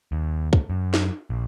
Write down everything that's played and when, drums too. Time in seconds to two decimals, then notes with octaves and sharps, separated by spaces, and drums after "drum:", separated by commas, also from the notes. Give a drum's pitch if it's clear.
0.12 D#2
0.53 drum: kick
0.70 F#2
0.94 drum: snare
1.30 A#1